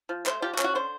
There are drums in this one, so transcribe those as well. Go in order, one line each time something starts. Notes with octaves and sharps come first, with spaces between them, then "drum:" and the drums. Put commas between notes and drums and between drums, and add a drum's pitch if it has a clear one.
F3
A3 C5, drum: clap
F3 G4
F#4
C#4, drum: clap
F#4
D3 C5